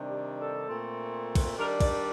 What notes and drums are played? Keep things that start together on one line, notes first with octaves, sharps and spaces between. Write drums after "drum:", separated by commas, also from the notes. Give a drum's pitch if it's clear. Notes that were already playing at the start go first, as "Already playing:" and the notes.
Already playing: C3 D#3 G3 D4
G4
A4
A#2 A3 C4
drum: kick, cymbal
D#3 G3 D4 A#4
D5, drum: kick, cymbal